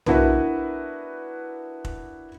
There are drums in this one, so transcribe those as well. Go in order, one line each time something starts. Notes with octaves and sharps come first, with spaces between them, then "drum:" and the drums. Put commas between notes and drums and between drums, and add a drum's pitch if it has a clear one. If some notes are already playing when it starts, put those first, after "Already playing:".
B3 D4 E4 F#4 A#4 B4, drum: tom
drum: kick